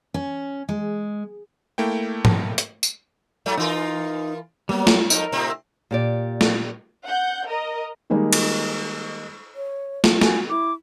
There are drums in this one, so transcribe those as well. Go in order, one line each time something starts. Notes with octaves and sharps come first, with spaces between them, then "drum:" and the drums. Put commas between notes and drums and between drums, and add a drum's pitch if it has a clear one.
C#4
G#3
A3 A#3 E4 G5
drum: tom G#2
drum: hi-hat
drum: tambourine
G#2 F#3 A3
E3 D#4 F4 A#4
F#3 G3 A#3 B3
drum: snare
F2 D#4 A#4, drum: tambourine
A2 C3 C4
A#2 G4 D5
drum: snare
F#5 G6
A#4 D#5
D#3 G3 G#3 A#3 D#4
drum: cymbal
C#5
drum: snare
F#4 G#5, drum: snare
E4 D6